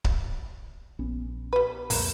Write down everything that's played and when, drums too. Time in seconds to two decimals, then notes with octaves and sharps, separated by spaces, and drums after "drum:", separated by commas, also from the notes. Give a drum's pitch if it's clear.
0.04 drum: kick C#1
0.99 A#1 B3 C#4
1.53 G3 B4
1.90 C2 F2 A#2 A#3, drum: open hi-hat